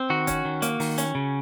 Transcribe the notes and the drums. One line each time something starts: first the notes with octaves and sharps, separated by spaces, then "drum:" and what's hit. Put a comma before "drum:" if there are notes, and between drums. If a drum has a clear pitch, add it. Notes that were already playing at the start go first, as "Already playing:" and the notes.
Already playing: C4
D#3 F#4
C#4, drum: kick F#1, hi-hat
D#3
A#3, drum: hi-hat
D#3, drum: open hi-hat
C#4, drum: hi-hat
C#3